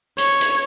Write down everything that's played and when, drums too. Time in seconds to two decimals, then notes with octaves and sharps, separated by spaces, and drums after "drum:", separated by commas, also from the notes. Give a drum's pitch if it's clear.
0.18 C#5, drum: hi-hat
0.41 drum: hi-hat